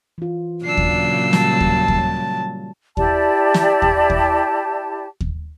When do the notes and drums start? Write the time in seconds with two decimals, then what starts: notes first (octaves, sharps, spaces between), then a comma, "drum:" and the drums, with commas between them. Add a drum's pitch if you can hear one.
0.18 E3 F4
0.65 A#2 C#3 F#3 D4 E6 C7
0.77 drum: kick D#2
1.33 G3 A5, drum: snare
1.61 drum: kick D#2
1.88 drum: kick D#2
2.97 E4 G4 D5 A5, drum: kick D#2
3.54 drum: snare
3.82 drum: kick D#2
4.10 drum: kick D#2
5.21 drum: kick D#2